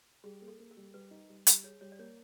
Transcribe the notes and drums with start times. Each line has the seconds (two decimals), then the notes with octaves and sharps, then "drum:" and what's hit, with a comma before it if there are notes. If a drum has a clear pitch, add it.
0.24 G3 G#4
0.41 A#3
0.48 A4
0.59 A#3
0.71 A#4
0.77 G3
0.94 G3 B4
1.11 D#4
1.29 G3
1.47 G3, drum: hi-hat
1.63 G#4 C#5
1.81 G3 C#5
1.92 D5
1.99 A#3 C#5